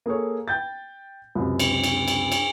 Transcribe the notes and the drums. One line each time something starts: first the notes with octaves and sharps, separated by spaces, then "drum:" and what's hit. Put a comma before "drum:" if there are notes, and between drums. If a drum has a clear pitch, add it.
A#3 G#4 A4 C#5
G5 G6 A6
C#2 F#2 C3
drum: cymbal
drum: cymbal
drum: cymbal
drum: cymbal